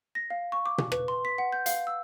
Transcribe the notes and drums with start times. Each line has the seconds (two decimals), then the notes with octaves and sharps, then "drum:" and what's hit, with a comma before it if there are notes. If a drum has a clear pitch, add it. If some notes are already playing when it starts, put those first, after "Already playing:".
0.15 A#6
0.30 F5
0.52 C#6
0.66 D6
0.78 drum: tom B2
0.92 B4, drum: rim click
1.08 C6
1.25 B6
1.38 F#5
1.52 G6
1.66 F5, drum: hi-hat
1.87 E6